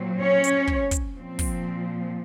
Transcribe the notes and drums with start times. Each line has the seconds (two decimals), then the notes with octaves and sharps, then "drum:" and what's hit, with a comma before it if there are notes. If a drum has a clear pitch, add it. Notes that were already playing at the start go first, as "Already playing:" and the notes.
Already playing: A#2 F#3 C4
0.20 C#4 C#5
0.44 drum: hi-hat
0.67 drum: kick
0.91 drum: kick, hi-hat
1.15 A#2 F3 C4
1.39 drum: kick, open hi-hat